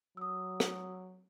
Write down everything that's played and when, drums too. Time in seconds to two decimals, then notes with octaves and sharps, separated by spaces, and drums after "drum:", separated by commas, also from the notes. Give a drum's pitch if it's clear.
0.17 F#3 D#6 E6
0.60 drum: rim click